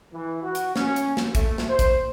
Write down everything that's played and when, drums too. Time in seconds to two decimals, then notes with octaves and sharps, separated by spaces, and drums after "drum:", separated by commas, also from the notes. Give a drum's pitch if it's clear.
0.12 E3
0.42 F#4
0.55 drum: hi-hat
0.76 C#4, drum: snare
0.96 drum: hi-hat
1.17 drum: snare
1.35 A3, drum: kick, hi-hat
1.58 drum: snare
1.70 C5
1.79 drum: kick, hi-hat